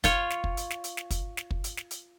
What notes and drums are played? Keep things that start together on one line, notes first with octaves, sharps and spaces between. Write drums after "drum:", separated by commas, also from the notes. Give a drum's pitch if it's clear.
F4 C#5, drum: kick, hi-hat
drum: snare
drum: kick
drum: hi-hat
drum: snare
drum: hi-hat
drum: snare
drum: kick, hi-hat
drum: snare
drum: kick
drum: hi-hat
drum: snare
drum: hi-hat